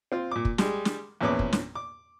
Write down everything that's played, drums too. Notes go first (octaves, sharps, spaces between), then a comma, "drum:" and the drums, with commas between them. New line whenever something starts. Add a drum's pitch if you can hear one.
C4 F4
A#2 D6
drum: kick
G3 G#3, drum: snare
drum: snare
E2 A#2 F3 C#4 B4 D6
drum: kick
drum: snare
D6